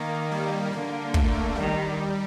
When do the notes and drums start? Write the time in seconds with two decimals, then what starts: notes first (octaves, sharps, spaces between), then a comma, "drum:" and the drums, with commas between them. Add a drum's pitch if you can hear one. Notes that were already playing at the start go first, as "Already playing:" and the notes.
Already playing: D#3 A#3
0.31 G3
0.73 D3 A#3
1.14 A3, drum: kick
1.55 D#3 G3